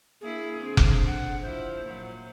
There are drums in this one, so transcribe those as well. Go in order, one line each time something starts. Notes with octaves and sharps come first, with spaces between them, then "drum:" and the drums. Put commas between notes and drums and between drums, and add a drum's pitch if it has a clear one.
A#3 D4 E4 G#4
D3 C4 D4
drum: kick F1
F#5
F3 E4 C5
A#2 F#3